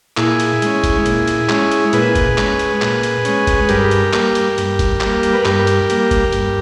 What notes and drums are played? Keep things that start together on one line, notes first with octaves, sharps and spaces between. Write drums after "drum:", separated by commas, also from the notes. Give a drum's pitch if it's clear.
A#2 E4 G#4, drum: clap
drum: hi-hat
G#3 C#4, drum: hi-hat
drum: kick, hi-hat
A#2, drum: hi-hat
drum: hi-hat
G#3 C#4, drum: clap
drum: hi-hat
A#2 G#4 B4, drum: hi-hat
drum: kick, hi-hat
G#3 C#4, drum: clap
drum: hi-hat
A#2, drum: clap
drum: hi-hat
G#3 C#4, drum: hi-hat
drum: kick, hi-hat
G2 G4 A#4, drum: hi-hat
drum: hi-hat
G3 A#3, drum: clap
drum: hi-hat
G2, drum: hi-hat
drum: kick, hi-hat
G3, drum: clap
A#3
drum: hi-hat
B4
G2 G4 A#4, drum: clap
drum: hi-hat
G3 A#3, drum: hi-hat
drum: kick, hi-hat
G2, drum: hi-hat